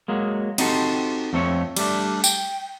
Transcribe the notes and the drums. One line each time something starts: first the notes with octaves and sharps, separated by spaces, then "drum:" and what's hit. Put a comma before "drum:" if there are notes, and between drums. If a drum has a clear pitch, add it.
F#3 G#3 A#3
C4 D#4 F#4 G4 A4 C5, drum: cymbal
F2 A3 C4 C#5
G3 A3 D4, drum: cymbal
G5, drum: tambourine